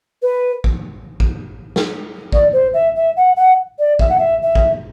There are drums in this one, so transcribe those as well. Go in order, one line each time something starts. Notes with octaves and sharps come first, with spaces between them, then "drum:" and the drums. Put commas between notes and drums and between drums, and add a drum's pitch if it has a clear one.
B4
drum: kick
drum: kick
drum: snare
D5, drum: kick
C5
E5
E5
F#5
F#5
D5
E5, drum: kick
F#5
E5
E5
drum: kick